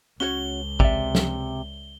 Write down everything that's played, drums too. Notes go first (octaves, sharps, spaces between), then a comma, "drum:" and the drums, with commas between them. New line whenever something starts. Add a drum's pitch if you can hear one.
C#2 C#4 F#4 C#5 G7
C3 D5 E5, drum: kick A1
drum: snare